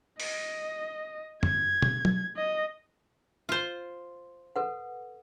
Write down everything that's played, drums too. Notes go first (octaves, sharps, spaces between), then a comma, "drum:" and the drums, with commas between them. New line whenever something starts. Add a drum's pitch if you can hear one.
D#5, drum: open hi-hat
G#6, drum: tom
drum: tom
drum: tom F#3
D#5
F4 C5
A4 B4 F#5